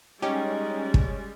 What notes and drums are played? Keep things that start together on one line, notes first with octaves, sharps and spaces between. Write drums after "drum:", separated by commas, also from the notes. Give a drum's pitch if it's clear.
G3 G#3 C#4 D#4 G4
drum: kick